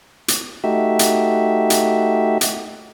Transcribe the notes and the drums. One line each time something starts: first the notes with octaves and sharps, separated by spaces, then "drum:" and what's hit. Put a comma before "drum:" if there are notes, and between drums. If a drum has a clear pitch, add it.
drum: hi-hat
A3 D#4 F#4 G4 E5
drum: hi-hat
drum: hi-hat
drum: hi-hat